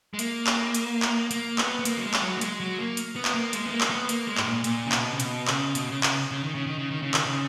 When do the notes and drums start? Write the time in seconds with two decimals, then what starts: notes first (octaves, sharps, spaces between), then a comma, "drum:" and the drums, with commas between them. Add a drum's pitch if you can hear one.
0.14 G#3
0.19 A#3, drum: hi-hat
0.47 drum: clap
0.75 drum: hi-hat
1.02 drum: clap
1.31 A#3, drum: hi-hat
1.58 B3, drum: clap
1.79 B3
1.85 A#3, drum: hi-hat
1.97 F#3
2.04 G#3
2.14 drum: clap
2.23 F#3
2.37 A#3
2.41 G#3, drum: hi-hat
2.60 F#3
2.78 A#3
2.97 drum: hi-hat
3.16 B3
3.25 drum: clap
3.34 A#3
3.53 G#3, drum: hi-hat
3.66 B3
3.71 A#3
3.81 drum: clap
3.90 B3
4.09 A#3, drum: hi-hat
4.27 G#3
4.37 G#2, drum: clap
4.46 A#2
4.64 A#2, drum: hi-hat
4.86 C#3
4.92 B2, drum: clap
5.13 C#3
5.20 B2, drum: hi-hat
5.48 C#3, drum: clap
5.75 B2, drum: hi-hat
5.89 C#3
6.03 C#3, drum: clap
6.31 C#3
6.43 D#3
6.55 C#3
6.67 D#3
6.78 C#3
6.91 D#3
7.02 C#3
7.14 D#3, drum: clap
7.26 C#3